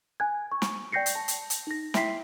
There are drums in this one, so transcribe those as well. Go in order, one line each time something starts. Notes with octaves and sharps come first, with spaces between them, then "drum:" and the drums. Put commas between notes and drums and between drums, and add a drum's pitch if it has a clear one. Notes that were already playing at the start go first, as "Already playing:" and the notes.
G#5 F#6 G#6
C#6
drum: snare
D5 G5 G6 A#6 C7 C#7
drum: hi-hat
A5
drum: hi-hat
drum: hi-hat
D#4 A#6
E4 E5 G5 C6 B6 C7, drum: snare